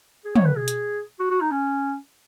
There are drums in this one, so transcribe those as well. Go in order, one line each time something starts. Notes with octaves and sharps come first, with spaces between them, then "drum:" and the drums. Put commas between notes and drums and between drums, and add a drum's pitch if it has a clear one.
G#4
C#5, drum: tom
B4
G#4
drum: hi-hat
F#4
F#4
D#4
C#4